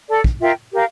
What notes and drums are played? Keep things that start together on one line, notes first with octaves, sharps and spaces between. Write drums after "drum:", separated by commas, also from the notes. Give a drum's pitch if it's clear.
A4 D5 A5
drum: kick
F4 A#4 E5 G5
G4 A#4 F5